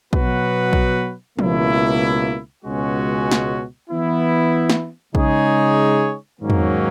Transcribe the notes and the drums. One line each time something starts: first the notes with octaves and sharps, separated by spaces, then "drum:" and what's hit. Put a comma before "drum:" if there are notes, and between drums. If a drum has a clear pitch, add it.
B2 F#3 B3 F#4 B4, drum: kick
drum: kick
C#2 B2 A#3 E4, drum: tom
C#2 B2 G#3 C#4 F#4
drum: snare
E3 B3 E4
drum: snare
C#3 G#3 D#4 G#4 C#5, drum: kick
G#2 D#3 F#3 A#3 C#4
drum: tom E2